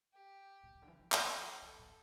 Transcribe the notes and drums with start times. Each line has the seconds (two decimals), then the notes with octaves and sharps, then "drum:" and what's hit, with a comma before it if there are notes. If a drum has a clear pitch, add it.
0.14 G4
0.63 B2
0.75 C3
0.82 D3
0.87 E3
1.00 F3
1.12 F3 A4, drum: clap
1.62 F3 A4
1.79 B2